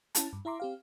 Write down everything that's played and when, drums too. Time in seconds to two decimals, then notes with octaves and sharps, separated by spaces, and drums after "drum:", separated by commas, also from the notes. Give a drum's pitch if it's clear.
0.15 C#4 E4 A5, drum: hi-hat
0.33 G2
0.45 E4 E5 A#5 C6 D6
0.60 C4 G4 F5